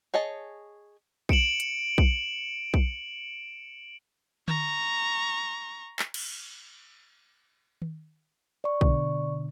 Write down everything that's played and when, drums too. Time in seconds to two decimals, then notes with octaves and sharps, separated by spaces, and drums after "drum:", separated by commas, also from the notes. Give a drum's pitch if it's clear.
0.14 G#4 C#5 D#5 A5
1.29 C#7 D7 E7 F#7, drum: kick B1
1.60 drum: hi-hat
1.98 drum: kick B1
2.74 drum: kick B1
4.48 A#5 C#6, drum: tom D3
5.99 drum: clap
6.14 drum: cymbal
7.82 drum: tom D#3
8.64 D5 C#6
8.81 B2 D3, drum: kick B1